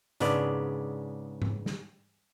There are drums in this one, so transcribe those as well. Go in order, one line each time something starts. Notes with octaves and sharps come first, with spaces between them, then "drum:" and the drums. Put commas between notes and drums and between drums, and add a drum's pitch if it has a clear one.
G#2 C#3 G#3 B3 D4 D5, drum: hi-hat
drum: tom G#2
drum: snare